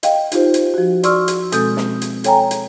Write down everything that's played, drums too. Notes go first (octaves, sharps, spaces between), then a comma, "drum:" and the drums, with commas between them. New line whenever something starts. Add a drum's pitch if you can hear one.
D#5 F5 G5, drum: hi-hat
D#4 F4 G4 C5, drum: hi-hat
drum: hi-hat
F3 F#4
D5 C6 C#6 E6 F6, drum: hi-hat
drum: hi-hat
B2 G#3 C4 A4 D#6 G6, drum: hi-hat
drum: snare
drum: hi-hat
A4 C#5 G5 G#5 A#5, drum: hi-hat
drum: hi-hat